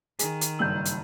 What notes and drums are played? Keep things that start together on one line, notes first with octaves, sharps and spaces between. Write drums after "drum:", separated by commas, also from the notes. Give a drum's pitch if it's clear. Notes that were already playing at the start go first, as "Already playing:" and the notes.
D#3 G#4, drum: hi-hat
drum: hi-hat
F#1 G2 E6 G6 F#7
drum: hi-hat